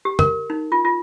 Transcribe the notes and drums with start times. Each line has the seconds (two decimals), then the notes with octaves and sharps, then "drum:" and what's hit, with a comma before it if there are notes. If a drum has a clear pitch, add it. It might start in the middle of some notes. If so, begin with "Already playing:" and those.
0.05 G4
0.19 A#4, drum: tom
0.50 D#4
0.72 F4
0.85 F4